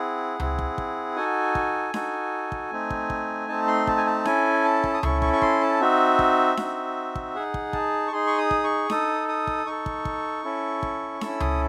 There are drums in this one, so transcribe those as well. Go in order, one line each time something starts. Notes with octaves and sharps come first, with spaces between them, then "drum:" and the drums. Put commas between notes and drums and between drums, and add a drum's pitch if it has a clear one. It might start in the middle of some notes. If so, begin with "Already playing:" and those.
Already playing: C4 E4 G#4 F#5
C4 E4 G#4, drum: tom C#2
drum: kick
drum: kick
D#4 F#4 A4 G#5
drum: kick
D#4 F#4 A4, drum: snare D4
drum: kick
A3 C4 D#4
drum: kick
drum: kick
A3 C4 D#4 A5
C6
A5, drum: kick
G#5
A5
C#4 E4 A4 G#5, drum: snare D4
A5
drum: kick
D#6
C#4 E4 A4 C#6, drum: tom C#2
C#6, drum: kick
C#6
C6, drum: kick
A5
C4 D#4 F#4 E5
drum: kick
C4 D#4 F#4, drum: snare D4
drum: kick
D#4 G#4 F#5
drum: kick
A5, drum: kick
C#6
D#4 G#4 C6
C#6
D#6
drum: kick
C#6
D#4 A4 D#6, drum: snare D4
D#6
drum: kick
D#4 A4 C#6
drum: kick
drum: kick
C#4 E4 A4
drum: kick
C#4 E4 A4 E6, drum: snare D4
D#6, drum: tom C#2